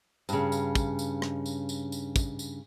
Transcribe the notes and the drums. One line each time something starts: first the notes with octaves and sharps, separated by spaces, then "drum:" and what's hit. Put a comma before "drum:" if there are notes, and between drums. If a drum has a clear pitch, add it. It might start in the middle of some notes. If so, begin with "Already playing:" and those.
G2 C#3, drum: tambourine
drum: tambourine
drum: kick, tambourine
drum: tambourine
drum: rim click
drum: tambourine
drum: tambourine
drum: tambourine
drum: kick, tambourine
drum: tambourine